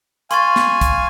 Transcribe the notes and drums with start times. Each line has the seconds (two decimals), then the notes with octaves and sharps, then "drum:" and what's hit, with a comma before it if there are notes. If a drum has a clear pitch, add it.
0.31 F5 G#5 C6 C#6 A6, drum: hi-hat
0.56 drum: snare
0.81 drum: kick, hi-hat